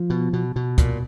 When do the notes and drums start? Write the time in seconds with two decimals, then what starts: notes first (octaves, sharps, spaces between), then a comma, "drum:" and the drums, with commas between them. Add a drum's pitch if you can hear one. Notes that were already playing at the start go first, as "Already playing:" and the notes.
Already playing: F3
0.10 B2
0.33 B2
0.56 B2
0.78 A#2, drum: kick, hi-hat